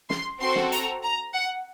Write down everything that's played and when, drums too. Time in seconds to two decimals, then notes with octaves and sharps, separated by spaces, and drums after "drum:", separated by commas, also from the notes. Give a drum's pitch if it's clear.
0.10 C6, drum: snare
0.40 C4 F#4 A4 C6
0.55 drum: snare
0.72 A#5, drum: hi-hat
1.03 A#5
1.33 F#5